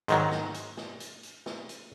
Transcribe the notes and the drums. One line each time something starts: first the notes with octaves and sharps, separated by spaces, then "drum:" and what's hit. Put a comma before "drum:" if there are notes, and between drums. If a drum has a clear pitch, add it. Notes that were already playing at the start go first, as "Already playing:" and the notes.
G#2 D#3 F#3, drum: hi-hat
drum: snare
drum: hi-hat
drum: snare
drum: hi-hat
drum: hi-hat
drum: snare
drum: hi-hat